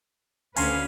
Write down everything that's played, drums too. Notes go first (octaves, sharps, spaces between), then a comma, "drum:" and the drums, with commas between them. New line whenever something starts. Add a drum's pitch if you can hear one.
D2 D3 C#4 B4 F5 G#5 A#5 C6, drum: open hi-hat